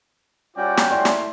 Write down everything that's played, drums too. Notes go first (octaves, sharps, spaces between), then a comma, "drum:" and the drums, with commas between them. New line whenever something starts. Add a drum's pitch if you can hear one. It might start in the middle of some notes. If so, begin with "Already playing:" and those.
G3 C#4 F4 F#4 D5 G5
drum: snare
A3 E4 D5 C6
drum: snare